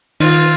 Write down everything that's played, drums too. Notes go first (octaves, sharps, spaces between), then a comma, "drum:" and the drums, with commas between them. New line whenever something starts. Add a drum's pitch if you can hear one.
D#3 F4, drum: cymbal